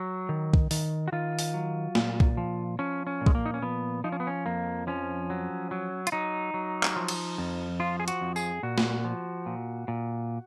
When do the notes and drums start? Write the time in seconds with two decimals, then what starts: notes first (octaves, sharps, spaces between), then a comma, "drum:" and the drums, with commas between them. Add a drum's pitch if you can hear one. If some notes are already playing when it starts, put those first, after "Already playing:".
Already playing: F#3
0.29 D#3
0.53 drum: kick
0.71 D#3, drum: open hi-hat
1.08 F#4
1.12 D#3 F4
1.39 drum: open hi-hat
1.54 F#3
1.95 A#2, drum: snare
2.20 drum: kick
2.37 F3
2.79 F3 C#4
3.07 C#4
3.21 A#2
3.26 G#3, drum: kick
3.35 A#3
3.46 D#4
3.54 C#4
3.62 F3 B3
4.04 F3 D#4
4.12 C#4
4.20 B3
4.27 C#4
4.46 F2 A#3
4.87 F3 C#4
5.30 F#3
5.71 F#3
6.07 F4, drum: hi-hat
6.12 F#3 D#4
6.54 F#3
6.83 drum: clap
6.96 F3
7.08 drum: cymbal
7.38 F2
7.80 F3 F4
8.00 G#4
8.08 F#4, drum: hi-hat
8.21 F2
8.36 G#4, drum: tambourine
8.63 A#2 F#4
8.78 drum: snare
9.05 F3
9.46 A#2
9.88 A#2